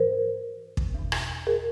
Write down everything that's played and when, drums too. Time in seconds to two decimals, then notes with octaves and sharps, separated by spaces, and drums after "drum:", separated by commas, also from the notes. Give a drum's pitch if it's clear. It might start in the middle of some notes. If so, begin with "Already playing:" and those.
Already playing: G#2 E3 A#4 C5
0.77 drum: kick
0.95 E2 B2
1.12 drum: rim click
1.47 G#4 A#4